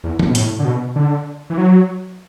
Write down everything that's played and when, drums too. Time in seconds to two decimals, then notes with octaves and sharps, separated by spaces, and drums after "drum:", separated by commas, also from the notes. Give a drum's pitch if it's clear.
0.04 E2
0.19 F#2, drum: tom D#3
0.30 B2
0.35 A2, drum: hi-hat
0.59 D3
0.65 B2
0.96 D3
1.50 E3
1.58 F#3